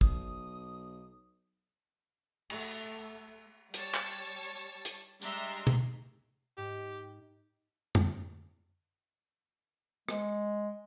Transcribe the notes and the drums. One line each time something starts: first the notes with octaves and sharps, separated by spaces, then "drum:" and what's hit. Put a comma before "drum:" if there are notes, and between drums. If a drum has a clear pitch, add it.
B1 D#6, drum: kick
A3, drum: cymbal
G3 C#5 A5, drum: hi-hat
drum: clap
drum: hi-hat
G3 G#3 D4 E5 A#5 C6, drum: tambourine
drum: tom B2
G#2 G4
drum: tom F2
G#3, drum: rim click